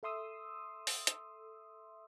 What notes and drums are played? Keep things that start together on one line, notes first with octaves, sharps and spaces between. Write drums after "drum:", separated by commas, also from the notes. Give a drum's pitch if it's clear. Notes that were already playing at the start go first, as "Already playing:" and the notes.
A4 E5 C6 D#6 E6
drum: open hi-hat
drum: hi-hat